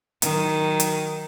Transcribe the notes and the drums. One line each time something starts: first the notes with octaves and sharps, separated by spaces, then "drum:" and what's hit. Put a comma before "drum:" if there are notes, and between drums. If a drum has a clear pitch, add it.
D#3 F#3, drum: hi-hat
drum: hi-hat